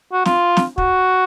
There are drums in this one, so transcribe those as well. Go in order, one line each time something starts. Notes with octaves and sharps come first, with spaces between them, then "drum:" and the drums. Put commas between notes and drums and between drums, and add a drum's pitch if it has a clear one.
F#4
F4, drum: snare
drum: snare
F#4, drum: kick